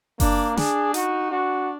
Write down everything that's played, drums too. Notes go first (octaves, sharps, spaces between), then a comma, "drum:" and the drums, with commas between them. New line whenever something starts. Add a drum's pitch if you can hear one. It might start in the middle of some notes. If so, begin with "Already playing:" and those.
A#3 D4, drum: kick F#1, open hi-hat
D4 G#4, drum: snare
D#4 F#4, drum: hi-hat
D4 F#4